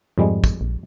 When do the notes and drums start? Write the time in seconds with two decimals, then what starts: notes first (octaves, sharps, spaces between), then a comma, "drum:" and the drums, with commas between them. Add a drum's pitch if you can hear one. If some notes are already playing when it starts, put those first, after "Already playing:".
0.18 F2 G#2 G3 G#3
0.44 drum: kick, tambourine
0.61 A#1